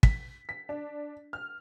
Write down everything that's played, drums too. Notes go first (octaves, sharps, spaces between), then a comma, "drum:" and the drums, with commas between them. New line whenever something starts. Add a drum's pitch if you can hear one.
B6, drum: kick
B6
D4
F6